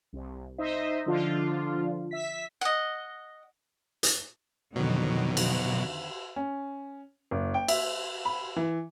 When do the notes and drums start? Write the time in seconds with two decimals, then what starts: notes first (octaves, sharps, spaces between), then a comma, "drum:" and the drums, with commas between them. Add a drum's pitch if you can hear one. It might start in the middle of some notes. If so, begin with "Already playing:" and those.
0.13 C2
0.58 D#4 C5 D#5 E5
1.06 D3 F3 D4 F4
2.11 E5 B6
2.61 D#5 F#5
4.03 drum: hi-hat
4.76 F2 B2 D3 D#3 F#3
5.37 drum: cymbal
6.36 C#4
7.31 F#1
7.54 G5
7.68 E5, drum: cymbal
8.25 B5
8.56 E3